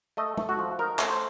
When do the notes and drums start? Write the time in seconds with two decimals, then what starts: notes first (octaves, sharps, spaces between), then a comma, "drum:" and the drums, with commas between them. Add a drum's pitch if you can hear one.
0.17 A3 D#5
0.37 A3, drum: tom G#3
0.49 F#4
0.59 F3
0.79 D#4 A#4
0.99 A3, drum: clap
1.10 C5